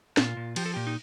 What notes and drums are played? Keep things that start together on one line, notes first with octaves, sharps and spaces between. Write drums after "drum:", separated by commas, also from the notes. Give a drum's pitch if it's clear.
A#2 F4, drum: snare
A#2
F3 G4, drum: cymbal
A4
A#2 G4
D#4